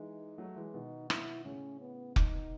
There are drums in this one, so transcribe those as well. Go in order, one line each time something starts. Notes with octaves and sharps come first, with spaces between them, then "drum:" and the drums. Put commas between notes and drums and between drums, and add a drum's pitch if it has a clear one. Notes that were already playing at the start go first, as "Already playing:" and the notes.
Already playing: E3 G#3 D#4
F#3 A3
E3 G#3
B2 D#3 D#4
E4, drum: rim click
A2 C#3 C#4
B3
D#4, drum: kick F1
B2